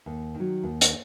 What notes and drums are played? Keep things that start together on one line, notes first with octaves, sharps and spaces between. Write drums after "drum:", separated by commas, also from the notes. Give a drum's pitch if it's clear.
D#2
D#3 F#3
D#2
drum: hi-hat